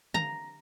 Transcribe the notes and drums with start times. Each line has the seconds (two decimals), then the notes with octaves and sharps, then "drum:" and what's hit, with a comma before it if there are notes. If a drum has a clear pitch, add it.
0.14 A#5, drum: tom D3